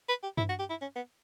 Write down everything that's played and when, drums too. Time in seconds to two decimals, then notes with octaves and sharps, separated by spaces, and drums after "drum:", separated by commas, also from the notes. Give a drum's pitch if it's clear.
0.09 B4
0.23 G4
0.38 E4, drum: tom G2
0.49 F#4
0.59 G4
0.70 E4
0.81 C#4
0.96 B3